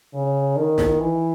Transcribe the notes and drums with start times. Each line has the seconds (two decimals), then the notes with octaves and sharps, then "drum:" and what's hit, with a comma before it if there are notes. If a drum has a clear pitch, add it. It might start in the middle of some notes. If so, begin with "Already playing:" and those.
0.14 C#3
0.56 D#3
0.78 drum: snare
0.99 E3